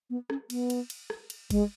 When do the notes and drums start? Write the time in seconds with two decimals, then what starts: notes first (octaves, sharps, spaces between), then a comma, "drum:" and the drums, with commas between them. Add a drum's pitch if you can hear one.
0.10 B3
0.30 C#4, drum: rim click
0.50 B3, drum: cymbal
0.70 drum: cymbal
0.90 drum: cymbal
1.10 drum: rim click
1.30 drum: cymbal
1.50 G#3, drum: kick G1, cymbal